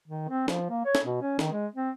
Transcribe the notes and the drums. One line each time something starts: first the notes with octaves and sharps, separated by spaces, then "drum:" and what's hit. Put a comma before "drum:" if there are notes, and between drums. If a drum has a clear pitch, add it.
D#3
C4
F3, drum: snare
A#3
C#5
drum: snare
B2
C#4
D#3, drum: snare
G#3
C4